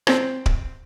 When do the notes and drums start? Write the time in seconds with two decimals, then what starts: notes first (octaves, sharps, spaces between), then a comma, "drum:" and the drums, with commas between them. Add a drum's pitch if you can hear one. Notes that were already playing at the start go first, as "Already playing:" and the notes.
0.07 C4, drum: rim click
0.46 drum: kick D1